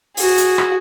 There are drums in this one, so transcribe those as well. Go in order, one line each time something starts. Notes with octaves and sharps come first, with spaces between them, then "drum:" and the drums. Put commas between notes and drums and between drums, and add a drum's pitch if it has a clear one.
F#4 G#4, drum: open hi-hat
drum: hi-hat
drum: rim click